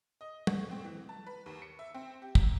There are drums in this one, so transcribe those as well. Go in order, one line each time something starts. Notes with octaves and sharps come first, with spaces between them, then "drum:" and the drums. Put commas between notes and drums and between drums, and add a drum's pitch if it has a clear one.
D#5
C#6, drum: tom
C4
E3
A5
B4
D#2
C#7
E5
C4
G4
F#2, drum: kick